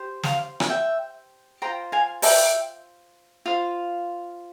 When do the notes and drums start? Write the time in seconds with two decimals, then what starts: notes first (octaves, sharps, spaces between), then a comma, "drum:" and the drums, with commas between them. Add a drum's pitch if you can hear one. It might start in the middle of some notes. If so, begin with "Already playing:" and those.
Already playing: G4 C5
0.23 F5, drum: snare
0.60 drum: rim click
0.69 E5 G5
1.62 F4 C5 G5 A#5
1.92 F5 G#5
2.22 E5 G5, drum: open hi-hat
3.46 F4 C5 F5